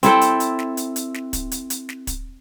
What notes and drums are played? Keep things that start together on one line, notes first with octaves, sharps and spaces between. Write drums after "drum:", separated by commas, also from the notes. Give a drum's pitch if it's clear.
C4 E4 A4 G5, drum: hi-hat
drum: hi-hat
drum: hi-hat
drum: snare
drum: hi-hat
drum: hi-hat
drum: snare
drum: kick, hi-hat
drum: hi-hat
drum: hi-hat
drum: snare
drum: kick, hi-hat